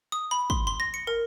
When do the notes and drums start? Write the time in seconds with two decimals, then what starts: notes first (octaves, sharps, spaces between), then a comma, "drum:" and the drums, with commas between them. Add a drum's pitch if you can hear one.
0.12 D#6
0.31 B5
0.50 C6, drum: kick
0.67 C6
0.80 A#6
0.94 C#7
1.07 A#4